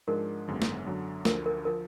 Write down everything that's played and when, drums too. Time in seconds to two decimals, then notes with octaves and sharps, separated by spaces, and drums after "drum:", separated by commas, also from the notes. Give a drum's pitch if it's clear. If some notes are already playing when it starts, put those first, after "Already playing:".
0.07 G#2 F3 G#3 D4 A#4
0.47 G#1 F#2 D3 G#3 B3
0.62 drum: snare
0.86 F#2 D3 F#3
1.25 D2 D3 F3 A#4, drum: snare
1.46 A#4
1.65 F3 A#4